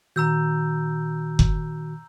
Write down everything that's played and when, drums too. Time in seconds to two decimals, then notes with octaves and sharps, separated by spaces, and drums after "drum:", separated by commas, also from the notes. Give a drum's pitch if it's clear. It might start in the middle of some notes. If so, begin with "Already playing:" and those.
0.16 A#2 D#3 F#4 A#5 E6 G6
1.39 drum: kick F#1